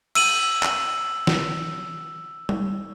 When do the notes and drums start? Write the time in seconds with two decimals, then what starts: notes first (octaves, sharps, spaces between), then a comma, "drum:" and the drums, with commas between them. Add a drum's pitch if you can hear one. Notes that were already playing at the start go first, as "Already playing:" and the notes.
0.15 E6 D#7 F#7, drum: cymbal
0.62 drum: clap
1.27 drum: snare
2.49 drum: tom G3